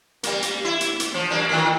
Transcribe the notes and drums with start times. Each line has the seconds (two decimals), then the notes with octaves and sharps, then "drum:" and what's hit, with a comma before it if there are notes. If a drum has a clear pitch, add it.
0.23 G3 A#3, drum: hi-hat
0.42 drum: hi-hat
0.65 E4
0.81 drum: hi-hat
1.00 drum: hi-hat
1.14 F3
1.30 F#2 A#3 D4
1.49 A2 D#3